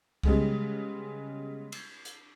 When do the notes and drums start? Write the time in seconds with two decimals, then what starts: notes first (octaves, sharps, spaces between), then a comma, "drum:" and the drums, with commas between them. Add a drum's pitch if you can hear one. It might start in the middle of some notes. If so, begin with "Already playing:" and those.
0.23 C#3 G3 G#3 B3, drum: kick C2
1.72 drum: cymbal
2.05 drum: hi-hat